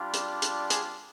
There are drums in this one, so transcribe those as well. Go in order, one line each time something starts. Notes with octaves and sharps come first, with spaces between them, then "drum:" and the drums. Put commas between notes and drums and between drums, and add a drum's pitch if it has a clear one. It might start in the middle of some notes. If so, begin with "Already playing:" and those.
Already playing: G3 D4 F4
drum: hi-hat
drum: hi-hat
G#4, drum: hi-hat